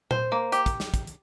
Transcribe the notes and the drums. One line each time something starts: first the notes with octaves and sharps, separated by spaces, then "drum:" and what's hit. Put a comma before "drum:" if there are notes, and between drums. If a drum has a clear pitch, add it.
C5, drum: tom A#2
A#3
G4, drum: hi-hat
drum: kick, hi-hat
drum: snare
drum: kick, hi-hat
drum: hi-hat